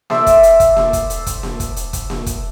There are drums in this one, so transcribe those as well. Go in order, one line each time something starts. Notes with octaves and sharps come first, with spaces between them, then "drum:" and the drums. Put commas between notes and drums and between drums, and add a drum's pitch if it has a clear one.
A4 C5 D5 E5, drum: snare A#3
drum: kick, hi-hat
drum: hi-hat
drum: kick, hi-hat
drum: snare A#3
drum: kick, hi-hat
drum: hi-hat
drum: kick, hi-hat
drum: snare A#3
drum: kick, hi-hat
drum: hi-hat
drum: kick, hi-hat
drum: snare A#3
drum: kick, hi-hat